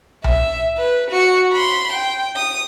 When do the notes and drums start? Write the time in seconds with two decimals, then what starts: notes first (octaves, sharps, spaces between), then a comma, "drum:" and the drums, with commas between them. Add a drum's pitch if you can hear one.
0.24 E5, drum: tom B1
0.78 B4
1.10 F#4 C#7
1.53 B5 C6
1.93 G5
2.36 D#6